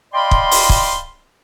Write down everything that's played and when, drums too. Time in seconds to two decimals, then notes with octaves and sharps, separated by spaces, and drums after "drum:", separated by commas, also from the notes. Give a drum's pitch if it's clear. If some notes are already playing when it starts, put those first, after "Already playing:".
0.14 D5 D#5 F5 G5 B5 C6
0.31 drum: kick
0.51 drum: open hi-hat
0.69 drum: kick